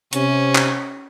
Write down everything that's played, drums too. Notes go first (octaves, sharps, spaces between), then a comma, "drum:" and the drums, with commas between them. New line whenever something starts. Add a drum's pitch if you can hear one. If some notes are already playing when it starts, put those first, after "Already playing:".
C3 C#4, drum: hi-hat
drum: clap